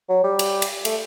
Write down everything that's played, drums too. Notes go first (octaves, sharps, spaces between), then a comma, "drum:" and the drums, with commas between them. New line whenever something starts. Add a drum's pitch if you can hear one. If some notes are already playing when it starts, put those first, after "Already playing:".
F#3
G3
drum: cymbal
drum: cymbal
A3, drum: cymbal